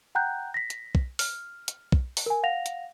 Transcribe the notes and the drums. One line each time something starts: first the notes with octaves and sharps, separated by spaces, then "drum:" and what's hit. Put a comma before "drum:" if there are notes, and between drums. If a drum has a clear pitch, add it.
F#5 G5 A#5 F#6 G6
A#6 B6
drum: hi-hat
drum: kick
F6, drum: open hi-hat
drum: hi-hat
drum: kick
drum: open hi-hat
A#4 G#5
F5 F#5 A#6 F7
drum: hi-hat